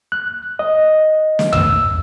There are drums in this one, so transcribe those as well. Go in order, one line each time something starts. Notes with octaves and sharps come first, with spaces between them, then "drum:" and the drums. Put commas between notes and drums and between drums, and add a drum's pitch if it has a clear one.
F#6
D#5
drum: snare
E6, drum: tom